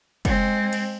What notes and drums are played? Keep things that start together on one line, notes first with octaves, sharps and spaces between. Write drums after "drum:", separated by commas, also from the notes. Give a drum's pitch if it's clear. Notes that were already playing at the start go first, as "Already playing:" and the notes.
G#3 C4, drum: kick, cymbal
drum: cymbal